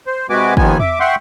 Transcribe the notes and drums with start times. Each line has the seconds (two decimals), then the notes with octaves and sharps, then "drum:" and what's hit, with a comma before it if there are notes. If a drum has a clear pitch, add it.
0.07 C5
0.30 C3 G#3 F#4 B4 G#5 D6
0.57 D#2 D#3 F3 B3 G#5, drum: kick
0.80 E5 D6, drum: tom E2
1.00 E5 F#5 G5 C6 C#6